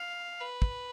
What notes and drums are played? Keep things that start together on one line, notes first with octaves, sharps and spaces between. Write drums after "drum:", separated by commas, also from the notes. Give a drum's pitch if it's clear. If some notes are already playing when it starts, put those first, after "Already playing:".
Already playing: F5
B4
drum: kick